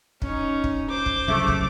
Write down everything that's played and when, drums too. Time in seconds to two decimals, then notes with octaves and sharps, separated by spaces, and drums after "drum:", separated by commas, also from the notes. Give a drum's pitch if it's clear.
0.22 C#4 D#4, drum: kick
0.64 drum: kick
0.90 C5 D6
1.06 drum: kick
1.28 C2 F#2 C#3 A3
1.48 drum: kick